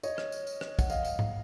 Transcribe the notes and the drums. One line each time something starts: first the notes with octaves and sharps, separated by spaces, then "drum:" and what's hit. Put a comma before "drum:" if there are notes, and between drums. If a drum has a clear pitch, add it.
C#5 D#5, drum: tambourine
drum: rim click
drum: tambourine
drum: tambourine
drum: rim click
F#5, drum: kick, tambourine
D#5 F5, drum: tambourine
drum: tambourine
drum: tom G#2